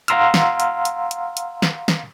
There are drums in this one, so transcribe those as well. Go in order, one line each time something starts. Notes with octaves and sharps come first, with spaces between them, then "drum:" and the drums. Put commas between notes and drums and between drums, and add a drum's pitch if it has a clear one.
F5 F#5 A#5 C6 E6 F6, drum: hi-hat
drum: snare
drum: hi-hat
drum: hi-hat
drum: hi-hat
drum: hi-hat
drum: snare
drum: snare